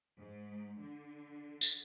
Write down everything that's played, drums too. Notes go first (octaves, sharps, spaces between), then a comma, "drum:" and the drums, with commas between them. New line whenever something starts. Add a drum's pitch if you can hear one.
G#2
D3
drum: tambourine